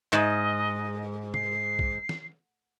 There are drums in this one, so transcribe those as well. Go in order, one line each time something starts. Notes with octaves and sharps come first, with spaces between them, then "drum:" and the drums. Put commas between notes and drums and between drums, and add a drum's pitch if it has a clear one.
G#2 D#5, drum: clap
C7, drum: tom
drum: kick
drum: snare